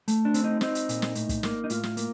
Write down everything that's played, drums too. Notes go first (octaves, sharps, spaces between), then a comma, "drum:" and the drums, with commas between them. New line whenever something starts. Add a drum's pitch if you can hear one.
A3, drum: hi-hat
D4
C4, drum: hi-hat
D#4
C4 D#4, drum: snare
drum: hi-hat
A#2, drum: hi-hat
drum: snare
A2, drum: hi-hat
drum: kick, hi-hat
A#3, drum: snare
D#4
A2 F4, drum: hi-hat
drum: snare
A#3, drum: hi-hat